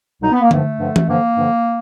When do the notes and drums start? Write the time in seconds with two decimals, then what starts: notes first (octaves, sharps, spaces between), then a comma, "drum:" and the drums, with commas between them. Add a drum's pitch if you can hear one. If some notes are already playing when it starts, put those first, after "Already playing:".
0.22 C2 B2 F#3 D#4
0.31 B3
0.41 A#3
0.51 G2 D3 F3 A3, drum: tom D3
0.80 G2 D3 F3
0.96 drum: tom E3
1.08 G2 D3 F3 A#3
1.37 G2 D3 F3